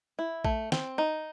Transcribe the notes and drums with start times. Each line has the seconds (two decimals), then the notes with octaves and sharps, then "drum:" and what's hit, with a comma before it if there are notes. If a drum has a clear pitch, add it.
0.19 E4
0.45 A3, drum: kick A#1
0.72 C4, drum: snare
0.98 D#4